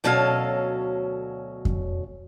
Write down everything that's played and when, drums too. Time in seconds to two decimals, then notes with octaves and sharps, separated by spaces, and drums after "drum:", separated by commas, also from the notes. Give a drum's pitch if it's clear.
0.04 D2 B2 F#3 C#4 A4 F5
1.65 drum: kick F2